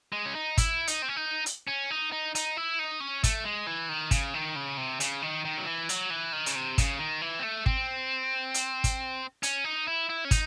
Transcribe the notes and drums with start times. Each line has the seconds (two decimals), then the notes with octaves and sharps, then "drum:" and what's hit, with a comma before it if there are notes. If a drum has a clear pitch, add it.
0.12 G#3
0.26 C#4
0.35 D#4
0.58 E4, drum: kick, hi-hat
0.87 D#4, drum: hi-hat
1.02 C4
1.09 C#4
1.16 D#4
1.46 drum: hi-hat
1.67 C#4
1.90 D#4
2.12 D#4
2.35 D#4, drum: hi-hat
2.57 E4
2.79 D#4
3.00 C#4
3.24 A3, drum: kick, hi-hat
3.45 G#3
3.67 E3
3.89 D#3
4.11 C#3, drum: kick, hi-hat
4.34 D#3
4.55 C#3
4.77 C3
5.00 C#3, drum: hi-hat
5.22 D#3
5.45 D#3
5.58 F#3
5.66 E3
5.89 F#3, drum: hi-hat
6.10 E3
6.32 D#3
6.46 C#3, drum: hi-hat
6.55 C3
6.78 C#3, drum: kick, hi-hat
6.99 D#3
7.21 E3
7.39 C4
7.43 A3
7.66 C4, drum: kick
8.54 drum: hi-hat
8.84 drum: kick, hi-hat
9.43 C#4, drum: hi-hat
9.64 D#4
9.87 E4
10.09 E4
10.25 C#4
10.31 D#4, drum: kick, hi-hat